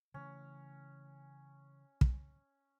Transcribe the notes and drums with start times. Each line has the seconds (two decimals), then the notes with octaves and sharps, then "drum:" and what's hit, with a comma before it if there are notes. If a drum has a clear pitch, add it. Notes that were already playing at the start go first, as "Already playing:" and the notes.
0.14 C#3 E3 A3 C#4
2.01 drum: kick